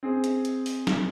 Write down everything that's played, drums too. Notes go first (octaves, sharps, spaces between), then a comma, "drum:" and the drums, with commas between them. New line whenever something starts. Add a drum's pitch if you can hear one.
C4 G#4
drum: hi-hat
drum: hi-hat
drum: open hi-hat
drum: snare